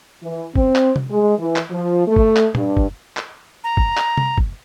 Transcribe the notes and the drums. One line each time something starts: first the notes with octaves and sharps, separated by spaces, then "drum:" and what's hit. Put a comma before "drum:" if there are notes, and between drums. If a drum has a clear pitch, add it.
E3
C4, drum: kick F#1
drum: clap
drum: tom C3
G#3
E3
drum: clap
F3
A3
drum: kick F#1
drum: clap
G2, drum: tom
drum: kick F#1
drum: clap
A#5
drum: kick F#1
drum: clap
drum: tom C3
drum: kick F#1